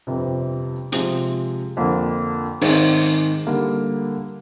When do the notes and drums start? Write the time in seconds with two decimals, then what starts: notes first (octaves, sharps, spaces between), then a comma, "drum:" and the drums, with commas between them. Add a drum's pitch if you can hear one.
0.07 G1 F2 C3
0.92 C3 F3 G#3, drum: hi-hat
1.77 F2 D3 F3 A#3 D4
2.61 G#2 D#3 G#3 C4, drum: open hi-hat
3.47 D3 G3 A#3